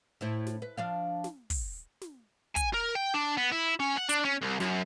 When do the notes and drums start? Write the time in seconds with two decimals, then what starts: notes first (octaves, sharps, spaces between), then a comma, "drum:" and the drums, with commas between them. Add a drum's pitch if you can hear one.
0.21 A2 E4 C5
0.47 drum: snare
0.62 B4
0.77 F3 D4 F5
1.24 drum: snare
1.50 drum: kick, open hi-hat
2.02 drum: snare
2.56 G#5, drum: kick, hi-hat
2.74 A#4
2.95 G5
3.14 D4
3.37 B3
3.52 E4
3.80 C#4
3.97 F#5
4.09 D4, drum: hi-hat
4.25 C#4
4.41 C2
4.60 F#2, drum: snare